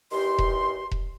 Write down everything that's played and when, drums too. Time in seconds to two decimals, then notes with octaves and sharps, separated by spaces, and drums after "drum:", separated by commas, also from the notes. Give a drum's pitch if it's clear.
0.12 E2 D#3 G4 C6
0.38 drum: kick E1
0.91 drum: kick E1